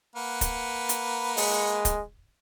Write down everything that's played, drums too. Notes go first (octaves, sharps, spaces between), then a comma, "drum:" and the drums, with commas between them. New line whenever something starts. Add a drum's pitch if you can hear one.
A#3 B4 F#5
drum: kick, hi-hat
drum: hi-hat
G#3, drum: open hi-hat
drum: kick, hi-hat